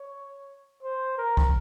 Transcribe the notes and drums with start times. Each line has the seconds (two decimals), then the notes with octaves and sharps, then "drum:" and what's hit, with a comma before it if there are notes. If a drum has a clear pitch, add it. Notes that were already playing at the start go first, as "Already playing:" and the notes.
Already playing: C#5
0.83 C5
1.18 A#4
1.37 drum: kick